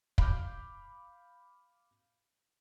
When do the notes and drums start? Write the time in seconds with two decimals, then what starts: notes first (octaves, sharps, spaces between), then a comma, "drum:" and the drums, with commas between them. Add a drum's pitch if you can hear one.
0.18 F5 B5 D6 F6 G6, drum: kick